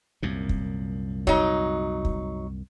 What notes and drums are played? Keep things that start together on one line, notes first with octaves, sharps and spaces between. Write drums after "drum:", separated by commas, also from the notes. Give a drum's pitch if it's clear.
C2 F#2 A#2
drum: kick
F#3 D#4, drum: kick
drum: kick